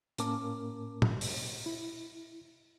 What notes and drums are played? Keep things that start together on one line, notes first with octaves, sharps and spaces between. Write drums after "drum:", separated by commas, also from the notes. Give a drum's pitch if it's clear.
A2 A#3 C#4 A#4 A5 D6, drum: hi-hat
drum: tom
drum: open hi-hat
E4